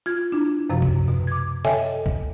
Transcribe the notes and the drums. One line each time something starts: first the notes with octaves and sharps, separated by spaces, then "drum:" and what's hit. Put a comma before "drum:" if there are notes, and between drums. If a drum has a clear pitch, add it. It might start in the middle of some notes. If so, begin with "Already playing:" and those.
F4 G#6
D4 E4
F#2 C3 F3
drum: kick B1
B2
D6 G#6
A4 C#5 D#5 E5 G5 G#5, drum: snare
drum: kick B1